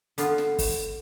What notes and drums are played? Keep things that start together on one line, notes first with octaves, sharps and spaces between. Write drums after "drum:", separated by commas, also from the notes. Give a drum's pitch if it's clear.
D3 B3 F4, drum: hi-hat
drum: snare
drum: kick, open hi-hat